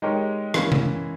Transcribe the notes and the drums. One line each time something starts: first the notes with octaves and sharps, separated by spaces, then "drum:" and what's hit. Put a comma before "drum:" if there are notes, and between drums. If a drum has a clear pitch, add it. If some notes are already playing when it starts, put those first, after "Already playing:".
G#3 D#4 G4 A#4 C#5
E3 A#3 C#4, drum: rim click
drum: tom C3